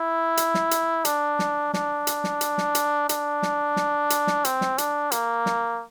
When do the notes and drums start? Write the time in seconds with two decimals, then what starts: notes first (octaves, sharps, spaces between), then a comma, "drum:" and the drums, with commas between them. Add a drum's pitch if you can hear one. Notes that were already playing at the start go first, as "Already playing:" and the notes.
Already playing: E4
0.37 drum: hi-hat
0.54 drum: snare
0.71 drum: hi-hat
1.05 D4, drum: hi-hat
1.39 drum: snare
1.74 D4, drum: snare
2.07 drum: hi-hat
2.24 drum: snare
2.41 drum: hi-hat
2.58 drum: snare
2.75 drum: hi-hat
3.09 D4, drum: hi-hat
3.43 drum: snare
3.76 drum: snare
4.10 drum: hi-hat
4.27 drum: snare
4.45 C4, drum: hi-hat
4.61 drum: snare
4.78 D4, drum: hi-hat
5.12 A#3, drum: hi-hat
5.46 drum: snare